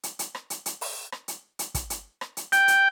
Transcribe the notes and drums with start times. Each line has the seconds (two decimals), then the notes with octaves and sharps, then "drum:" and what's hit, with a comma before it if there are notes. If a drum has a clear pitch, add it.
0.03 drum: hi-hat
0.19 drum: hi-hat
0.35 drum: rim click
0.50 drum: hi-hat
0.66 drum: hi-hat
0.81 drum: open hi-hat
1.12 drum: rim click
1.28 drum: hi-hat
1.59 drum: hi-hat
1.75 drum: kick, hi-hat
1.90 drum: hi-hat
2.21 drum: rim click
2.37 drum: hi-hat
2.52 G5, drum: hi-hat
2.68 drum: hi-hat